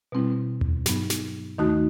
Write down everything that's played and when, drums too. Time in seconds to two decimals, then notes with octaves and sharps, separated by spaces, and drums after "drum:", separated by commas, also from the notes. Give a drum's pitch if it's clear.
0.12 B2 G3 C4 E4
0.61 drum: tom D#2
0.86 G2 F#3 B3 D#4, drum: snare
1.10 drum: snare
1.58 D#2 D#3 A3 D#4 F#4